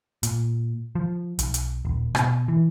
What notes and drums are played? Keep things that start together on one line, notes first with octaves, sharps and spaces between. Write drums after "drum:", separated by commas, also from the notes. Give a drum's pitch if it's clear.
A#2, drum: hi-hat
F3
B1, drum: hi-hat
drum: hi-hat
D#1
B2, drum: rim click
E3